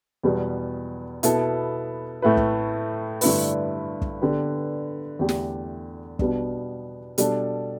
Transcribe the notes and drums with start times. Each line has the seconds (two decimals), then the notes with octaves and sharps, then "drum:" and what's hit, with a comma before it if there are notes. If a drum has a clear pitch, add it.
0.23 E2 B2 G3 B3
1.23 B2 B3 E4 A4, drum: hi-hat
2.22 A2 A3 E4 B4
2.37 drum: kick
3.21 G2 D3 A3 E4 B4, drum: open hi-hat
4.02 drum: kick
4.21 D3 B3 G4 B4
5.19 E2 D3 A3 G4
5.29 drum: snare
6.19 B2 G3 B3 D4, drum: kick
7.18 B2 G3 D4 A4, drum: hi-hat